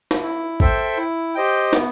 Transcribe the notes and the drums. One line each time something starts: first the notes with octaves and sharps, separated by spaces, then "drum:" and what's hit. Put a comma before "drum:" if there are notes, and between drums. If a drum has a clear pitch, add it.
drum: snare
E4
A4 C5 E5 G5, drum: kick
E4
G4 C5 D#5 G5
B3, drum: snare